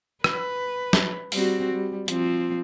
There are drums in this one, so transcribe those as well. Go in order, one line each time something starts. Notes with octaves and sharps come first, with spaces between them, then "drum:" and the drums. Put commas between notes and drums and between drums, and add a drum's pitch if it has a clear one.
B4, drum: rim click
drum: snare
G3 C4 F#4, drum: open hi-hat
G3
F3 C4, drum: hi-hat